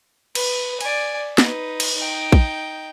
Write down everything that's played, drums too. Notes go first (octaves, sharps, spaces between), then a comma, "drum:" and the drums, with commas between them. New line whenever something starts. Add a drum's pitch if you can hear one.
B4, drum: cymbal
D5 G#5, drum: cymbal
D#4 B4, drum: snare
drum: cymbal
D#4 G5
drum: kick A#1